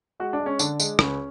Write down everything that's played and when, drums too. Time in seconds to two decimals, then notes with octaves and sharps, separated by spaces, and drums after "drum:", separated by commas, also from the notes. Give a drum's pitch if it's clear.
0.20 G#3 F#4
0.33 D4
0.40 G#3
0.46 C#4
0.59 D3 D4, drum: tambourine
0.80 G#3, drum: tambourine
0.99 C#2 C#4, drum: rim click